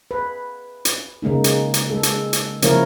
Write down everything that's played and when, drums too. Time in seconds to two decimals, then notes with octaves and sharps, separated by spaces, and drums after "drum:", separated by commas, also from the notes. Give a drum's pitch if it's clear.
0.11 B4
0.85 drum: hi-hat
1.22 C#3 G#3 A#3 D#4
1.44 drum: hi-hat
1.74 drum: hi-hat
1.90 G#3 A4
2.03 drum: hi-hat
2.33 drum: hi-hat
2.62 C#3 F3 A#3 E4 A#4 C#5, drum: hi-hat